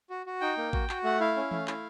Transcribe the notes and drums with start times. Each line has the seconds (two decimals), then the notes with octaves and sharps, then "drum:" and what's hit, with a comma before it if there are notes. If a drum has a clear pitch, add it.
0.10 F#4
0.26 F#4
0.41 D#4 G5
0.58 A#3
0.73 F#4, drum: kick A1
0.89 F#4, drum: clap
1.04 A3 F#5
1.20 E4 F5
1.37 C#4
1.51 A3, drum: tom E3
1.68 E4, drum: clap